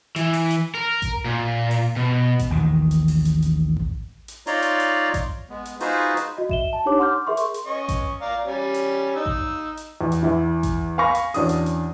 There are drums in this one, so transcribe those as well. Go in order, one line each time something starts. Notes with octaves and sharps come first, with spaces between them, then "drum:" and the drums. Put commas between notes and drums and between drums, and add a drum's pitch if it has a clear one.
E3, drum: hi-hat
drum: open hi-hat
drum: hi-hat
A#4
drum: kick A1, hi-hat
A#2
drum: open hi-hat
B2
drum: kick A1, hi-hat
A1 D#2 D#3
drum: hi-hat
drum: open hi-hat
drum: hi-hat
drum: hi-hat
drum: kick A1
drum: hi-hat
D#4 F4 C#5 D5 A#5 C6, drum: open hi-hat
drum: hi-hat
drum: hi-hat
drum: kick A1, hi-hat
G#3 B3
drum: hi-hat
D#4 F4 F#4 G#4 B4 C5, drum: open hi-hat
drum: hi-hat
F#4 D#5
E5 E7 G7, drum: kick A1
A5
D4 D#4 G4 C#5 D6
F#5 C6 D6 F6 G6
G#4 A#4 E5 C6 C#6
drum: hi-hat
drum: hi-hat
C#4 D#5 C#6
drum: kick A1, hi-hat
D5 F5 A#5
G3 C#4
drum: hi-hat
D#4 E6
drum: kick A1
drum: hi-hat
E2
drum: hi-hat
E2 E4
drum: kick A1, hi-hat
F5 G#5 B5 C#6 A#6
drum: hi-hat
E2 C#4 D4 F#4 D#6, drum: open hi-hat
drum: hi-hat
drum: hi-hat